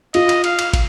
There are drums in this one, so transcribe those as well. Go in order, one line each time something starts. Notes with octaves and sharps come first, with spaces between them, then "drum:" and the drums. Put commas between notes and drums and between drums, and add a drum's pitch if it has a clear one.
F4 D#5, drum: cymbal
drum: cymbal
F5, drum: cymbal
drum: cymbal
drum: kick, cymbal